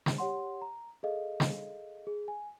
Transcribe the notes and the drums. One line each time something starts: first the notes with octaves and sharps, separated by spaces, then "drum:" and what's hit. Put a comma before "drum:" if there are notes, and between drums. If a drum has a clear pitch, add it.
drum: snare
G4 C#5 F#5 C6
A#5
G#4 A4 D#5 F5
drum: snare
G#4
G#5